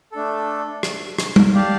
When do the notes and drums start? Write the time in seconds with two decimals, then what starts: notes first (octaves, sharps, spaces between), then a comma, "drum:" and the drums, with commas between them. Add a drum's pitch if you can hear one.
0.12 A3 D4 A4
0.83 drum: rim click
1.18 drum: rim click
1.36 drum: tom G3
1.54 G4 D5 F5 A5